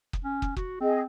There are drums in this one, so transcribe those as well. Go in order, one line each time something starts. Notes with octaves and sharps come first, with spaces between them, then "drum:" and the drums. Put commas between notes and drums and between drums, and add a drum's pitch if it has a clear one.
drum: kick
C#4
drum: kick
F#4, drum: kick
C4 G#4 D#5